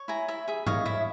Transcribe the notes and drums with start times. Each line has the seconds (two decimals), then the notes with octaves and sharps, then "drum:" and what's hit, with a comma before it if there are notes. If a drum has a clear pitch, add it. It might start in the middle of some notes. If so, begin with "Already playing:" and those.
Already playing: C#5
0.08 E4 G#5 A#5
0.28 E4 E5
0.48 G#4 E5
0.67 C#5 D#5 F5, drum: tom G#2
0.85 E4 E5